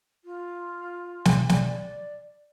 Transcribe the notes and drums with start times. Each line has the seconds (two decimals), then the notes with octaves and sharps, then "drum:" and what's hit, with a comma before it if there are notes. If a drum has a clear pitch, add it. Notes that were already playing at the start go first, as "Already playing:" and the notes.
0.25 F4
1.25 drum: snare
1.49 D5, drum: snare